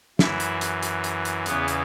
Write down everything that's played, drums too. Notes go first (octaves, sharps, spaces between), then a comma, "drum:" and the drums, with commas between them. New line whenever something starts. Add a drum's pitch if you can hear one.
F#2 E3 E4, drum: snare
drum: hi-hat
drum: hi-hat
drum: hi-hat
drum: hi-hat
drum: hi-hat
E2 C#3 E3 B3, drum: hi-hat
drum: hi-hat